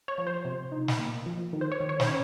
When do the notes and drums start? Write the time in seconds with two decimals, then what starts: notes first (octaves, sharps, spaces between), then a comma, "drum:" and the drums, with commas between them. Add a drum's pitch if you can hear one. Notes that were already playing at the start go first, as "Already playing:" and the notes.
0.08 C#5
0.18 F3
0.27 C5
0.45 C3
0.72 D#4
0.88 drum: snare
0.99 A#3
1.26 F3
1.53 D#3
1.61 C5
1.72 C#5
1.80 D#3
1.89 C#5
2.00 C5, drum: snare
2.07 C#4 C#5